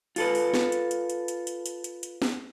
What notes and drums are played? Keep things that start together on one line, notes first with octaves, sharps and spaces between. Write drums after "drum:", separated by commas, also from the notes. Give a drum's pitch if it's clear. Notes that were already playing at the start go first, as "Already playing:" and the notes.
F4 A4 B4, drum: open hi-hat
drum: open hi-hat
drum: snare
drum: hi-hat
drum: hi-hat
drum: hi-hat
drum: hi-hat
drum: hi-hat
drum: hi-hat
drum: hi-hat
drum: hi-hat
drum: snare